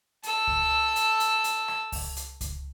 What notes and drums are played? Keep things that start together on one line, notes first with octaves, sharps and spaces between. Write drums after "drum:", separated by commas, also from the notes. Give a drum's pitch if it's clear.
A4 E6, drum: hi-hat
drum: kick C#2
drum: hi-hat
drum: hi-hat
drum: hi-hat
drum: rim click
drum: kick C#2, open hi-hat
drum: hi-hat
drum: kick C#2, hi-hat